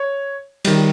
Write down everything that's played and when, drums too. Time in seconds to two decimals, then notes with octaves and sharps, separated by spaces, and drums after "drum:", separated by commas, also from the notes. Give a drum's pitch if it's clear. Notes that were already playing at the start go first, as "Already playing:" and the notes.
Already playing: C#5
0.65 D#3 G3, drum: cymbal